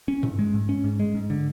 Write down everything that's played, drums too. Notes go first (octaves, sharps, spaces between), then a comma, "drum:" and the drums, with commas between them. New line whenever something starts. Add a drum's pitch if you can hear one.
C#4
G#2, drum: tom
G#3
G#2
C#4
G#2
G#3
G#2
D3